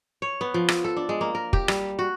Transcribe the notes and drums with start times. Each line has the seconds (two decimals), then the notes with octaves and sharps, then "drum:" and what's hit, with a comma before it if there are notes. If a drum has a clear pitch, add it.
0.22 C#5
0.41 B3
0.54 F3
0.68 drum: rim click
0.84 A4
0.97 D4
1.09 G#3
1.21 A#3
1.35 A#4
1.53 G4, drum: kick
1.68 G3, drum: rim click
1.99 F#4